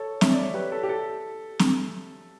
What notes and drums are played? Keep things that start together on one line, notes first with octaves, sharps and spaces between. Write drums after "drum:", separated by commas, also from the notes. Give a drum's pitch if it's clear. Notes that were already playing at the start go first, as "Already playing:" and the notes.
Already playing: A4 C#5
E5, drum: snare C4
D5
C#5
G4 B4
A4
G4
A4
drum: snare C4